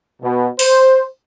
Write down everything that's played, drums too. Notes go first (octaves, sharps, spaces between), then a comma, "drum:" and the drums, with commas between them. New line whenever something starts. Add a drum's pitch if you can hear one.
B2
C5, drum: open hi-hat